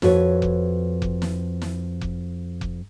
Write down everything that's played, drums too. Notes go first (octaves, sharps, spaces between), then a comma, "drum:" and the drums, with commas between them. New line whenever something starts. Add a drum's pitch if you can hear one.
F2 F#4 B4 C#5, drum: snare
drum: kick F1
drum: kick F1
drum: snare
drum: snare
drum: kick F1
drum: kick F1